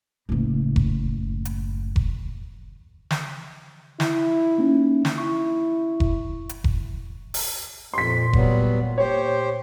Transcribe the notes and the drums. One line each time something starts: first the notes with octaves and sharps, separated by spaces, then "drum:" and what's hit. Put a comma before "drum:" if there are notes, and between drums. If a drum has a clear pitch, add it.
F#1 A2
drum: kick F1
drum: hi-hat
drum: kick F1
drum: snare
E4, drum: snare
A#3 C#4 D#4
drum: snare
E4 C#6
drum: kick F1
drum: hi-hat
drum: kick F1
drum: open hi-hat
F2 A#2 C6 B6
F#3 G3 B3, drum: kick F1
G4 C5 C#5